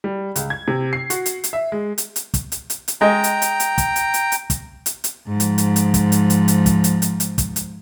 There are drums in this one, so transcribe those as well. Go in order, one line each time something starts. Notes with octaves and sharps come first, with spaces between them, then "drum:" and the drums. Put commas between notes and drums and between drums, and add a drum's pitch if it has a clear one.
G3
C#2, drum: hi-hat
G#6
C3
C7
F#4, drum: hi-hat
drum: hi-hat
drum: hi-hat
E5
G#3
drum: hi-hat
drum: hi-hat
drum: kick, hi-hat
drum: hi-hat
drum: hi-hat
drum: hi-hat
G#3 G5 A#5
drum: hi-hat
drum: hi-hat
drum: hi-hat
drum: kick, hi-hat
drum: hi-hat
drum: hi-hat
drum: hi-hat
drum: kick, hi-hat
drum: hi-hat
drum: hi-hat
G#2 F3
drum: hi-hat
drum: hi-hat
drum: hi-hat
drum: kick, hi-hat
drum: hi-hat
drum: hi-hat
drum: hi-hat
drum: kick, hi-hat
drum: hi-hat
drum: hi-hat
drum: hi-hat
drum: kick, hi-hat
drum: hi-hat